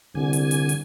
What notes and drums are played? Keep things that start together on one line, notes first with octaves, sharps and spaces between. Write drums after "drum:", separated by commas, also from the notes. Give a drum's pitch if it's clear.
C2 D3 G#5
drum: hi-hat
drum: hi-hat
drum: hi-hat